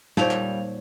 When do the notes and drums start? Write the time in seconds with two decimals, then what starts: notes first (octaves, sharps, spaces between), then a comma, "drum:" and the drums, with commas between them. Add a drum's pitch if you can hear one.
0.17 A#2 G3 D#4 C5 C#5 F5 F7, drum: snare
0.31 drum: clap